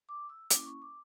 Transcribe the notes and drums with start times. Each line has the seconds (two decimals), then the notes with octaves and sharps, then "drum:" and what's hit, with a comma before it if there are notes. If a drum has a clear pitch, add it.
0.09 D6
0.29 E6
0.50 A#3 C#4 E4 D6, drum: hi-hat
0.66 C#6
0.82 D6